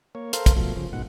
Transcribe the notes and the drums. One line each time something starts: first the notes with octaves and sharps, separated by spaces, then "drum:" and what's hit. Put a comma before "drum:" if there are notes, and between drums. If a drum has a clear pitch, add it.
A#3 C#5
A4 A#4 C5 F5, drum: hi-hat
drum: kick, hi-hat
B2 F3 A3
C#3 F3
G#2 B2 F#5